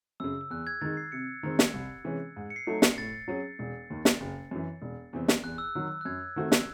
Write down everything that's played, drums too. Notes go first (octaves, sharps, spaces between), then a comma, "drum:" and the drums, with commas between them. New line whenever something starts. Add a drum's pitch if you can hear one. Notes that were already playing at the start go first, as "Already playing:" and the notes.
F#2 C#3 E6
E6
E2 F#6
G#6
D#3 G#3 D#4 A6
C7
C3 C#7
D#3 G#3 C4
drum: snare
C2
C3 E3 G#3 C#4
G#2
C#7
C7
F#3 A3 D#4 A4
drum: snare
A2 A6
F#3 C#4 G#4
E1
D#2 D#3
drum: snare
F#1
F#2 E3
E1
E2 C3 E3 C4
drum: snare
E2 F#6
E6
F#6
D#3 F#3
F#6
F#2 G#6
D#3 A3 C4 F#4
drum: snare